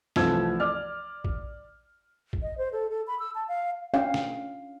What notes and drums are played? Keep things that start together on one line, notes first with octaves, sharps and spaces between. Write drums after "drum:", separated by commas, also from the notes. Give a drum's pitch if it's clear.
C2 E3 F3 A3 E6 G#6, drum: snare
D5 F6
drum: kick
drum: kick
D#5
C5
A4
A4
B5
E6
A5
F5
C#4 D4 C#5 F5
drum: snare